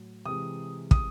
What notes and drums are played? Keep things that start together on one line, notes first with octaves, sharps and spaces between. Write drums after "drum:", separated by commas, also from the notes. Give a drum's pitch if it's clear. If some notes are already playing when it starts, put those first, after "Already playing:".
Already playing: A2 F#3
C3 E3 G#3 D#6
D#6, drum: kick